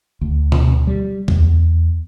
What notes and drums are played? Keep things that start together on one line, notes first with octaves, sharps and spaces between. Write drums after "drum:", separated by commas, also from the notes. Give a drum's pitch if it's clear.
D2
drum: tom B2
G3
E2, drum: kick